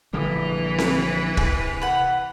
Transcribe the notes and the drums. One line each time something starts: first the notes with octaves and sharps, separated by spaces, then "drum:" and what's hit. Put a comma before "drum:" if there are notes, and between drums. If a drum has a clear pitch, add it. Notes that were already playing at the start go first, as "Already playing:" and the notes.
A#1 D3 E3 G3 B4
drum: snare C4
C3 G#4, drum: kick
F#5 B5